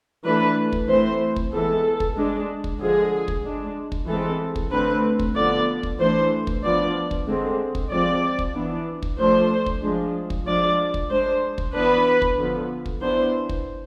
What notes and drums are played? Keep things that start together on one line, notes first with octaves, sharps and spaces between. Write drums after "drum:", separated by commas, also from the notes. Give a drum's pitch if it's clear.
E3 A3 D4 B4
drum: kick
E3 A3 C4 C5
drum: kick
E3 G#3 B3 A4
drum: kick
G#3 D4
drum: kick
D3 F3 G#3 G#4
drum: kick
G#3 D4
drum: kick
E3 G#3 C4 A4
drum: kick
D3 A3 C4 B4
drum: kick
D3 F3 B3 D4 D5
drum: kick
E3 A3 D4 C5
drum: kick
F3 B3 D4 D5
drum: kick
D3 G#3 C4
drum: kick
F3 G#3 C4 D5
drum: kick
E3 B3 D4
drum: kick
F3 A3 D4 C5
drum: kick
F3 G#3 D4
drum: kick
F3 G#3 D4 D5
drum: kick
G#3 D4 C5
drum: kick
E3 B3 D4 B4
drum: kick
D3 F3 B3
drum: kick
E3 B3 D4 C5
drum: kick